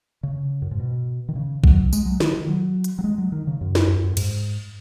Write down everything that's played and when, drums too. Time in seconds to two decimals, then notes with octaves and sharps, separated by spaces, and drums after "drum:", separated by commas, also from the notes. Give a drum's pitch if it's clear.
0.23 C#3
0.62 F#2
0.71 G#2
0.80 B2
1.29 D#3
1.35 C#3
1.64 F#3, drum: kick B1
1.93 G#3, drum: tambourine
2.06 F#3
2.20 D#3, drum: snare
2.34 D#3
2.49 F#3
2.84 drum: hi-hat
2.99 F#3
3.04 G#3
3.18 F#3
3.32 D#3
3.47 C#3
3.61 F#2
3.75 drum: snare
3.88 F#2
4.04 F#2
4.17 G#2, drum: cymbal